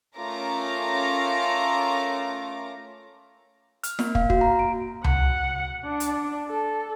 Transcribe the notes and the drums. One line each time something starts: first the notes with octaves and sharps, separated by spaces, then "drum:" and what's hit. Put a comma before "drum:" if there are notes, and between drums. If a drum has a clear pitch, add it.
A3 C#4 F4 A#4 A#5 D6
F6, drum: hi-hat
A#3, drum: snare
F5, drum: kick
F#4, drum: kick
A#5
D7
F#5, drum: tom C#2
D4
drum: hi-hat
A4